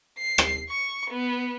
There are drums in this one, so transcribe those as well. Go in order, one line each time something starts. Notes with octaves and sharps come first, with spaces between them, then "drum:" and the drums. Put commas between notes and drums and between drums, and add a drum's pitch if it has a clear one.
C7
drum: rim click
C#6
B3